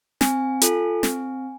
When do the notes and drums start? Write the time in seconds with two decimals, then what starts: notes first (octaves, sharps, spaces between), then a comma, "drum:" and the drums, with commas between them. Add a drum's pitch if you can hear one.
0.21 C4 G#5, drum: snare
0.62 F4 A4, drum: hi-hat
1.03 C4, drum: snare